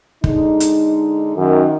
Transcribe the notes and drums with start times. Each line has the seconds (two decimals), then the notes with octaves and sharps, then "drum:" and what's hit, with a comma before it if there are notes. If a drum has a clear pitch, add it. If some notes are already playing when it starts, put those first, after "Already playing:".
0.24 D3 G#3 D#4, drum: kick
0.60 drum: hi-hat
1.37 F#2 D#3